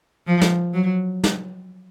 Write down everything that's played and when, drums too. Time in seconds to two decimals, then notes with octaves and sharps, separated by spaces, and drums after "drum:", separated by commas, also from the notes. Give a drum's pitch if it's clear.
0.27 F3
0.41 drum: snare
0.74 F#3
1.24 drum: snare